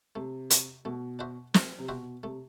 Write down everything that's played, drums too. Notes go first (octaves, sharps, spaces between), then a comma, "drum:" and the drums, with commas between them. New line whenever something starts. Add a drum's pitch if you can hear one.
C3 A3
D4 F#4 C5 E5, drum: hi-hat
B2 A3
D4 F#4 C5 E5
A3, drum: snare
C3
B2 C4 F#4 C5 E5
C3 A3